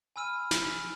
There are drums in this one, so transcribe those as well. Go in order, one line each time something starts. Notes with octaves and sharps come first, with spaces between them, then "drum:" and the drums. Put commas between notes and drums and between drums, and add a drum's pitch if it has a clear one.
G#5 B5 E6 F6 D#7
drum: snare